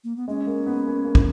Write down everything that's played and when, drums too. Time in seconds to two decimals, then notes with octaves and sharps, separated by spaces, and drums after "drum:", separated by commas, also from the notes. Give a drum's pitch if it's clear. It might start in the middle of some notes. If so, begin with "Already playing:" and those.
0.04 A#3
0.16 B3
0.28 G#3 C#4
0.47 A#3
0.66 B3
0.86 A#3
1.05 A#3
1.15 drum: kick